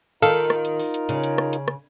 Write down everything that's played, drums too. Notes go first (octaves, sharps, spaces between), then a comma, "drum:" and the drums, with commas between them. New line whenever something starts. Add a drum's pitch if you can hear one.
D#3 D#4 F4 A4 A#4 F5
drum: rim click
drum: hi-hat
drum: open hi-hat
drum: hi-hat
C#3, drum: hi-hat
drum: hi-hat
drum: rim click
drum: hi-hat
drum: rim click